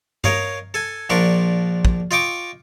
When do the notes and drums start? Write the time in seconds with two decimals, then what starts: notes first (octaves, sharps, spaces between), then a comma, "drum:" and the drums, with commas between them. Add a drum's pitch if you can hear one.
0.24 A#4 C#5 D#5 F5, drum: tom G2
0.74 A4 G#5
1.10 A#1 F3 D4 A#4 C#6
1.85 drum: kick
2.11 F4 D#5 G5 C#6 D6